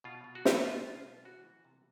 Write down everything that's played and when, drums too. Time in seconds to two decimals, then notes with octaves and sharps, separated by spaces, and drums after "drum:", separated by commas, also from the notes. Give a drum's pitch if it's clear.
0.04 B2 F4
0.24 B2
0.35 F#4
0.45 B2, drum: snare
0.65 B2 F4
0.85 B2
0.95 F4
1.04 B2
1.24 E3 F#4
1.45 E3
1.64 C3